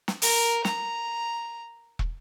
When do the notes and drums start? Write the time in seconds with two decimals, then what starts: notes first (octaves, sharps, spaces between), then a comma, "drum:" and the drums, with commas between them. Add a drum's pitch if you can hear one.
0.08 drum: snare
0.22 A#4, drum: open hi-hat
0.65 A#5, drum: snare
1.99 drum: kick